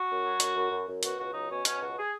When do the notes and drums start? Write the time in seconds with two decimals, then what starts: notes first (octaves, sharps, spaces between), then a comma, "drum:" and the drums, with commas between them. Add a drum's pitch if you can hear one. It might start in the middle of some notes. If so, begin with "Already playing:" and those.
Already playing: F#4
0.08 F#2
0.24 F#3
0.40 F#2, drum: hi-hat
0.55 F#2
0.71 F#2
0.87 F#2
1.03 B2 F#4, drum: hi-hat
1.18 C#2 F#4
1.34 F#3 D#4
1.49 B2 C#4
1.65 B2 C#4, drum: hi-hat
1.81 C#2 F#4
1.97 G#4